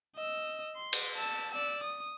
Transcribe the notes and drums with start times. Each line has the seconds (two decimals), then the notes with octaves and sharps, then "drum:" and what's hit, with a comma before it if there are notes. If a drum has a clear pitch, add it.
0.16 D#5 E6
0.76 C6
0.93 drum: cymbal
1.16 A5 E6
1.51 D5 E6
1.84 D#6